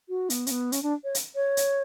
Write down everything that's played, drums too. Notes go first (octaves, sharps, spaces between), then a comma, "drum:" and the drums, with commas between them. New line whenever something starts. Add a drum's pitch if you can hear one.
F#4
B3, drum: hi-hat
C#4, drum: hi-hat
B3
C#4, drum: hi-hat
D4
C#5
drum: hi-hat
C#5
drum: hi-hat